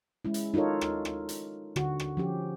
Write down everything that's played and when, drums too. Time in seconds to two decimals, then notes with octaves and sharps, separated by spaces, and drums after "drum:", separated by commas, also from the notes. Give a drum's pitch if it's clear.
0.25 G#3 C#4 E4
0.34 drum: hi-hat
0.54 D#4 F4 A4 A#4 C#5
0.81 drum: rim click
1.05 drum: rim click
1.29 drum: hi-hat
1.76 D3 F#4, drum: rim click
2.00 drum: rim click
2.17 F3 C#4 G4